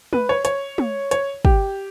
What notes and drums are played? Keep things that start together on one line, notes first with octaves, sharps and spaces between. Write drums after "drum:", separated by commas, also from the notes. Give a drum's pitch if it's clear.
B4, drum: tom
C#5
C#5, drum: hi-hat
drum: tom
C#5, drum: hi-hat
G4, drum: kick